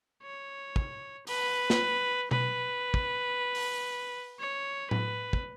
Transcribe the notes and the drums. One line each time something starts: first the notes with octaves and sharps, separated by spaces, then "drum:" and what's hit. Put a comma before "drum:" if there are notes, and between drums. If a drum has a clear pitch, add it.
C#5
drum: kick
B4, drum: open hi-hat
drum: snare
B4, drum: tom B2
drum: kick
drum: open hi-hat
C#5
B4, drum: tom A2
drum: kick